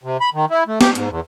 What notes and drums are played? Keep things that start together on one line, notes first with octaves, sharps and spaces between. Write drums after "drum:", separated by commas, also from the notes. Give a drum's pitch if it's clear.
C3
B5
D#3
E4
A3
G4, drum: snare B3
G#2, drum: hi-hat
E2